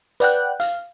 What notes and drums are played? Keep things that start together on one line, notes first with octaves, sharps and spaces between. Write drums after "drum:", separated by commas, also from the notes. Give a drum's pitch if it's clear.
B4 D5 F#5 G5 F#6, drum: hi-hat
F5, drum: hi-hat